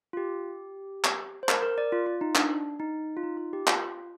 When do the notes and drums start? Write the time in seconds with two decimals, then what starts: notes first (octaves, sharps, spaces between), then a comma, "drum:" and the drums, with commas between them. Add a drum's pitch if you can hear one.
0.13 F4
0.17 G4
1.04 drum: clap
1.43 C5
1.49 A#4, drum: clap
1.63 A#4
1.78 D5
1.92 F4
2.06 F4
2.21 D#4
2.35 D4, drum: clap
2.80 D#4
3.17 F4
3.23 D#4
3.37 F4
3.53 G4
3.67 F4, drum: clap